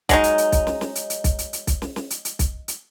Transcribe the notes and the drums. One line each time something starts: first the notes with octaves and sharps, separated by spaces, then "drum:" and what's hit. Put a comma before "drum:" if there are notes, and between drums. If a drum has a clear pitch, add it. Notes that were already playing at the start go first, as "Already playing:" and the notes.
F#3 G#3 D#4, drum: kick B1, hi-hat
drum: hi-hat
drum: hi-hat
drum: kick B1, hi-hat
drum: snare
drum: snare
drum: hi-hat
drum: hi-hat
drum: kick B1, hi-hat
drum: hi-hat
drum: hi-hat
drum: kick B1, hi-hat
drum: snare
drum: snare
drum: hi-hat
drum: hi-hat
drum: kick B1, hi-hat
drum: hi-hat